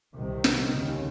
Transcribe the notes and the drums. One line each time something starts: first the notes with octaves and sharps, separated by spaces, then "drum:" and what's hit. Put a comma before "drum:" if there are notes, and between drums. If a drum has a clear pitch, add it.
C2 C3 D#3
drum: snare
D#2 C#3